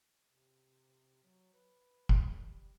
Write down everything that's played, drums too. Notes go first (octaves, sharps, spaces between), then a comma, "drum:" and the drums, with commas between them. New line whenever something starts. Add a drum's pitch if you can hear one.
C3
F#3
B4
drum: kick
G3